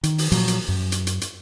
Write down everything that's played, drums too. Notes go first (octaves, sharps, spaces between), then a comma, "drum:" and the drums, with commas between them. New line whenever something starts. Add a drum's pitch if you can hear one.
D#3, drum: hi-hat
drum: open hi-hat
A#2 F3 F#3, drum: hi-hat
drum: hi-hat
F#2
drum: hi-hat
drum: hi-hat
drum: hi-hat